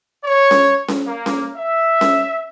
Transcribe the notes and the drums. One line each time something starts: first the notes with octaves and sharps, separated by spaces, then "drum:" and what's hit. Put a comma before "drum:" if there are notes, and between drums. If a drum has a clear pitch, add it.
C#5
drum: snare C#4
drum: snare C#4
A#3
drum: snare C#4
E5
drum: snare C#4